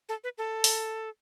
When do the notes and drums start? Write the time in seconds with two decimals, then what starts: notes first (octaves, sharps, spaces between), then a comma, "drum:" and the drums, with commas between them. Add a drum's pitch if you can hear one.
0.09 A4
0.24 B4
0.38 A4
0.64 drum: open hi-hat